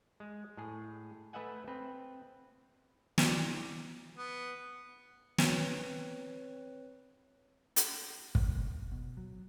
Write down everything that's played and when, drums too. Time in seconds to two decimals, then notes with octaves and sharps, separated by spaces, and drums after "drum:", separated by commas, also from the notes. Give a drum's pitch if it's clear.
0.20 G#3
0.57 A2 G#4
1.33 A3 B4 D#5 E5 F#5 G#5
1.68 C4 B4
3.18 E3 C4 G4 D5, drum: snare
4.17 B3
5.38 C4 B4 C#5, drum: snare
7.76 drum: hi-hat
8.35 B1, drum: kick
8.92 B2
9.17 F#3